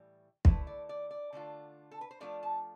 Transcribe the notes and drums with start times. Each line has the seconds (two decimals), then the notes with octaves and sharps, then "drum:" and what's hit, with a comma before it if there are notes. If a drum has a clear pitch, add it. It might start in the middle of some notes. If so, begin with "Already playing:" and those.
Already playing: A2 E3 G3
0.45 D3 A3 E4 B4, drum: kick
0.67 D5
0.89 D5
1.11 D5
1.33 D3 A3 D4 F4
1.91 A4
2.01 B4
2.11 C5
2.20 F3 A3 D4 F4 D5
2.43 A5